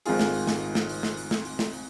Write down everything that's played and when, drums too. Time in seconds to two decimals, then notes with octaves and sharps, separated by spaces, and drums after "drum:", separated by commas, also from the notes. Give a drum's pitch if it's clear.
0.06 G#1 G#2 D#3 F4 G#4, drum: open hi-hat
0.19 drum: snare
0.33 drum: open hi-hat
0.47 drum: snare
0.75 drum: snare
0.89 drum: open hi-hat
1.03 drum: snare
1.17 drum: open hi-hat
1.31 drum: snare
1.45 drum: open hi-hat
1.59 drum: snare
1.73 drum: open hi-hat